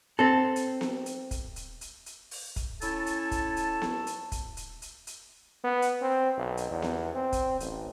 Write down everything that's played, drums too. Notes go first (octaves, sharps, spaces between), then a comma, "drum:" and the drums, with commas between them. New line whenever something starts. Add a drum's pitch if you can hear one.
C4 A4
drum: hi-hat
drum: snare B3
drum: hi-hat
drum: kick, hi-hat
drum: hi-hat
drum: hi-hat
drum: hi-hat
drum: open hi-hat
drum: kick, hi-hat
C#4 E4 A4 G#5 A5, drum: hi-hat
drum: hi-hat
drum: kick, hi-hat
drum: hi-hat
drum: snare B3
drum: hi-hat
drum: kick, hi-hat
drum: hi-hat
drum: hi-hat
drum: hi-hat
B3
drum: hi-hat
C4
B1
drum: hi-hat
E2
drum: snare B3
C4
drum: kick, hi-hat
A1, drum: hi-hat